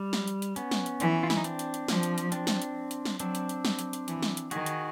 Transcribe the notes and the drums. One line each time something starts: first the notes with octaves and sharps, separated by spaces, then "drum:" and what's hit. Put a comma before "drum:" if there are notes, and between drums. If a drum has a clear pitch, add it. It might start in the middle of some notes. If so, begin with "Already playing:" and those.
Already playing: G3
drum: snare
drum: hi-hat
drum: hi-hat
B3 C#4, drum: hi-hat
drum: snare
drum: hi-hat
E3, drum: hi-hat
F4
E4, drum: snare
D#4
C4 D4, drum: hi-hat
drum: hi-hat
drum: hi-hat
F3, drum: snare
drum: hi-hat
drum: hi-hat
C4 D4, drum: hi-hat
drum: snare
drum: hi-hat
drum: hi-hat
drum: snare
F#3 C4 D4, drum: hi-hat
drum: hi-hat
drum: hi-hat
F#3, drum: snare
drum: hi-hat
drum: hi-hat
E3, drum: hi-hat
drum: snare
drum: hi-hat
D#3 F#4 G#4, drum: hi-hat
drum: hi-hat